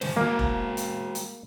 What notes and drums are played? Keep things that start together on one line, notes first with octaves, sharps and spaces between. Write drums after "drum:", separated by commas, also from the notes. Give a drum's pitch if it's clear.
D#3 C5, drum: snare
G#3 A#3 F#4
drum: kick
drum: hi-hat
drum: hi-hat